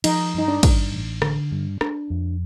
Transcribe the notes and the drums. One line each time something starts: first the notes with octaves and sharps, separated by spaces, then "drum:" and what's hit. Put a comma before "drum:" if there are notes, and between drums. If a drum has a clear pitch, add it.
F3 D#4, drum: cymbal
G2 D#4
D4
G2, drum: kick, cymbal
A1
D3, drum: rim click
G2
D4, drum: rim click
F2